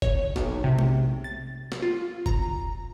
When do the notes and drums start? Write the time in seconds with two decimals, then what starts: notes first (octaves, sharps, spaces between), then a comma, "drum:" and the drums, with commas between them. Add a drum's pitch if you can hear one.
0.02 C#5, drum: kick F1
0.36 B1, drum: snare
0.64 C3
0.79 drum: tom G#3
1.24 A6
1.72 drum: snare
1.82 F4
2.26 A#5, drum: kick F1